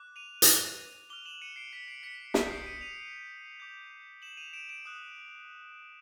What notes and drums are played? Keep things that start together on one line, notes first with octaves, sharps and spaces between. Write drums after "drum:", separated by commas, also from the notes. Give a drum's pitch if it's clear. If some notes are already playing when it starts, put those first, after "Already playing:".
Already playing: D6 F#6
D#7 F7
drum: hi-hat
D6 F6 F7 G7
E7 F#7
C#7 D#7
C7 D7
B6 C#7
C7 D7
B6 C#7
D#6 G6 B6 C#7, drum: snare
C7 D7
C#7 D#7
D#7 F7
D6 G6
E7 F#7
D#7 F7
D7 E7
D7 E7
D#6 F#6